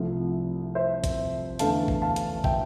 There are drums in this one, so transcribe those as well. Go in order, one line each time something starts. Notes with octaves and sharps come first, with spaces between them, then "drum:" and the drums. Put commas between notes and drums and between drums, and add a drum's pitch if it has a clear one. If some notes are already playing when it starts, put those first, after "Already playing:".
Already playing: C2 C3 F3 A3
C5 E5
drum: kick, hi-hat
E2 D3 A3 F5 A5, drum: hi-hat
drum: kick
F5 A5
drum: hi-hat
E5 G5, drum: kick